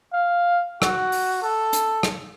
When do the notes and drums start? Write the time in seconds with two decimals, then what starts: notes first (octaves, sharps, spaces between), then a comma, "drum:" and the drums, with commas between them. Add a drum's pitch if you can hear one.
0.14 F5
0.82 F#4, drum: rim click
1.12 drum: open hi-hat
1.43 A4
1.73 drum: hi-hat
2.03 drum: rim click